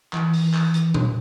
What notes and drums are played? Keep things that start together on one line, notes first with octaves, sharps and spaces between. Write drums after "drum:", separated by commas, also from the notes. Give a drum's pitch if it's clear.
E3, drum: clap
drum: open hi-hat
drum: clap
drum: hi-hat
drum: tom A#2